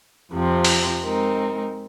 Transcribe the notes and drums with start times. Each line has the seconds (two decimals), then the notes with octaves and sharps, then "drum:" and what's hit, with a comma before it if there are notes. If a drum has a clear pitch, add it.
0.32 F2 C3 F3 C4
0.65 drum: open hi-hat
1.02 G#3 C4 D#4 A#4